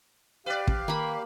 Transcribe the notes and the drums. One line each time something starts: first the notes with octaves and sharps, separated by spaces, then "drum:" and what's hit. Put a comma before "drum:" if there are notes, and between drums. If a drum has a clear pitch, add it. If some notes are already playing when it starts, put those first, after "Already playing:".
G4 B4 D5 F5
A1, drum: kick
D#3 A#3 B5